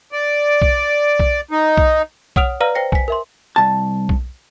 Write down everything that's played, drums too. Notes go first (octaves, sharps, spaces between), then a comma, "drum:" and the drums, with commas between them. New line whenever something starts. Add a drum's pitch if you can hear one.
D5
drum: kick B1
drum: kick B1
D#4
drum: kick B1
C#5 F#5 D#6 F6 D7 F7, drum: kick B1
B4 D5 F5 A#5 F6 A#6
C5 G5 A#6 C#7
G#5 B6, drum: kick B1
A#4 E5 C6
C2 A5
drum: kick B1